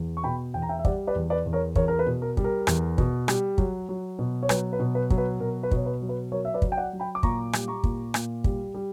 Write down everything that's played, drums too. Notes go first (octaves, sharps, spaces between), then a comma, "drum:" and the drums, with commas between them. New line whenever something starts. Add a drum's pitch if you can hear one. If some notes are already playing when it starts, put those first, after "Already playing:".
Already playing: E2
C#6
B2 G5 B5
E2 G5
A#5
E5 G5
E5
G3 D5 F#5, drum: kick
B4 D5
E2
B4 D5
E2
A#4 C#5
E2 A#4 C#5, drum: kick
A#4
B4
B2
A#4
G3, drum: kick
A#4
E2, drum: rim click
B2, drum: kick
G3, drum: rim click
F#3, drum: kick
F#3
B2
C#5
F#3 B4, drum: rim click
B4
B2
B4
F#3, drum: kick
B4
B2 A#4
B4
B2 C#5, drum: kick
B4
F#3
B4
F#3 A#4 C#5
E5
B4 D5
F#3, drum: kick
G5
D5 F#5
F#3
G5 B5
D6
A#2 A#5 C#6, drum: kick
G3, drum: rim click
A#5 C#6
A#2, drum: kick
A#2, drum: rim click
G3, drum: kick
G3